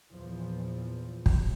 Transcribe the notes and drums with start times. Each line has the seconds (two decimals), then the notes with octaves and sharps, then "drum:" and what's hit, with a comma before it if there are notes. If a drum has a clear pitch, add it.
0.13 E2 A#2 F3
1.26 drum: kick